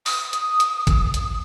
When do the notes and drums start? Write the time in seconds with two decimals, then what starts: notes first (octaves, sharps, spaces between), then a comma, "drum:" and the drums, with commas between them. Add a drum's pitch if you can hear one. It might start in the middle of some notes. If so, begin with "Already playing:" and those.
0.06 D#6, drum: open hi-hat
0.33 drum: hi-hat
0.60 drum: hi-hat
0.87 drum: kick, hi-hat
1.14 drum: hi-hat